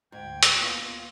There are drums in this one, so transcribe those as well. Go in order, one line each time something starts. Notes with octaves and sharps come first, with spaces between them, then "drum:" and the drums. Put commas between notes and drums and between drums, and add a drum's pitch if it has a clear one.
D2 G#2 G5 G#6
drum: hi-hat
A#3 B3 F4